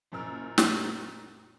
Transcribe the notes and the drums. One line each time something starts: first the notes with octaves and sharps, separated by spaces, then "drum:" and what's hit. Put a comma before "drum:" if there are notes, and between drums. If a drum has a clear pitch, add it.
F#1 F#2 A#2 A#4 E6 F6
drum: snare